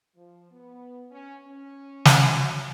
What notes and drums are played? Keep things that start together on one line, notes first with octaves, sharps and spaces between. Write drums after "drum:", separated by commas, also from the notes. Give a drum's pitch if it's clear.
F3
B3
C#4
C#4
drum: snare
F#3